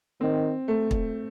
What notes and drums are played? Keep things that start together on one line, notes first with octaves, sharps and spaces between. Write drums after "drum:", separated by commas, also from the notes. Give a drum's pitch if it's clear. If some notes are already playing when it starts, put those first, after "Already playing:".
D#3 C4
A3
drum: kick